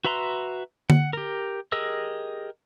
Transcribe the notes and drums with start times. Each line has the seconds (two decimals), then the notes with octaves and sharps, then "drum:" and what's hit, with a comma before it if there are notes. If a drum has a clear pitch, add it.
0.05 F#4 B4 E5 A#5 C6
0.90 F#5, drum: tom D3
1.13 G4 A#4
1.72 G4 G#4 A#4 D#5 E6